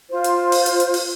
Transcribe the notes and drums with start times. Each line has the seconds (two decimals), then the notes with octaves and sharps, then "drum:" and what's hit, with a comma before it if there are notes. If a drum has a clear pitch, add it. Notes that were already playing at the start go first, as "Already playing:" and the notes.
0.10 F4 C5
0.24 drum: hi-hat
0.52 drum: open hi-hat
0.66 drum: hi-hat
0.80 drum: hi-hat
0.94 drum: open hi-hat